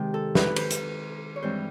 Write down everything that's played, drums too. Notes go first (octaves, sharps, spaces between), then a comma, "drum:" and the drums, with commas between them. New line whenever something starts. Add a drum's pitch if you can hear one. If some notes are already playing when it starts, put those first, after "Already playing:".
Already playing: C3 D#3 G#3 G4
A4
B4, drum: snare
C5, drum: cymbal
drum: hi-hat
C#5
G2 E3 G#3 C4 C5